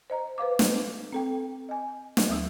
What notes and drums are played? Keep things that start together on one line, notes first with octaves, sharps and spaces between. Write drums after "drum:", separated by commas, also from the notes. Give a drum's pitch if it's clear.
C5 D#5 A#5
B4 C5 F5 D6
drum: snare
C4 A4 G5
D#5 G#5
drum: snare
D2 F#3 D#6 E6